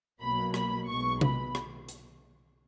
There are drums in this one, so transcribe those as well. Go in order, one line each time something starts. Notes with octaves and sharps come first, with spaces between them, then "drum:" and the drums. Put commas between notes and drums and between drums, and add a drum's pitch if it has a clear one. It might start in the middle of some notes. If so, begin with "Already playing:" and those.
B1 B2 F#3 A#3 B5
B5, drum: rim click
B1 B2 G#3 C#6
B5, drum: tom C3
drum: rim click
drum: hi-hat